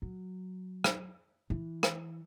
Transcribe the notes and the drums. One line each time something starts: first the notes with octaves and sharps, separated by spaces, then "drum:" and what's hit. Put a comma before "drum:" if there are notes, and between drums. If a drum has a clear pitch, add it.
F#3
drum: rim click
E3
drum: rim click